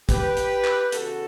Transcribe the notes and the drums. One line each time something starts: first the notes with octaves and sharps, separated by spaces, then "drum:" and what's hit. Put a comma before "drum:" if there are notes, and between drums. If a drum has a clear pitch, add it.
G4 B4, drum: kick, hi-hat
drum: hi-hat
drum: clap
C#3 E3 B3 F#4 A4, drum: hi-hat